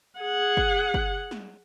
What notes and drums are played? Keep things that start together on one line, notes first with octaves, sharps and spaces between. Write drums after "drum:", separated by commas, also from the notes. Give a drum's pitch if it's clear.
G#4 F#5
drum: kick
drum: kick
drum: snare